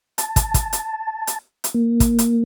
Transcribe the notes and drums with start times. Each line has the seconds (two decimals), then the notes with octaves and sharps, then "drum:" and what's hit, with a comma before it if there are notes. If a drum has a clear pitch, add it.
0.18 A5, drum: hi-hat
0.36 drum: kick, hi-hat
0.54 drum: kick, hi-hat
0.73 drum: hi-hat
1.27 drum: hi-hat
1.64 drum: hi-hat
1.74 A#3
2.00 drum: kick, hi-hat
2.19 drum: hi-hat